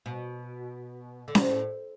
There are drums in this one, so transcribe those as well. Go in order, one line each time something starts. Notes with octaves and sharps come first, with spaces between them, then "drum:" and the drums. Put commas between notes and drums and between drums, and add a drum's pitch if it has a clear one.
B2
D3
C3, drum: snare C#4
A2